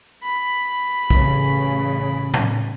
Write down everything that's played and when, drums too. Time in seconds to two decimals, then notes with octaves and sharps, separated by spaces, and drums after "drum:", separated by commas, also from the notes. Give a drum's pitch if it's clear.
0.23 B5
1.10 A1 C#3, drum: kick
2.34 drum: tom A2